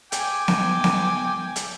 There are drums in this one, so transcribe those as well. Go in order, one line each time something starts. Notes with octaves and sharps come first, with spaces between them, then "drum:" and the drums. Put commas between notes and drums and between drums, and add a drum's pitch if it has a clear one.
G5 G#5 D6, drum: hi-hat
drum: snare B3
drum: snare B3
drum: hi-hat